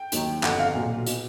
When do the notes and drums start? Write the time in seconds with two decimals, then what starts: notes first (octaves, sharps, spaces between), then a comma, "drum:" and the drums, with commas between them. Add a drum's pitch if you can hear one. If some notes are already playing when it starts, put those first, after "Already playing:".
Already playing: G5
0.12 D#2 D#3 F#3, drum: hi-hat
0.43 G1 F2 D3 F#5, drum: clap
0.59 F5
0.75 B1 A#2 F#3
1.06 B2, drum: hi-hat